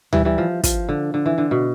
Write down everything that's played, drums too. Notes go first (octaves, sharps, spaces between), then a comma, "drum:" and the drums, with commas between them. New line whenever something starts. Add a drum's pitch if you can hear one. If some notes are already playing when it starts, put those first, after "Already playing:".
E3 G3, drum: tom D2
E3 G3
F3
F3, drum: kick, hi-hat
D3
D3
E3
D3
B2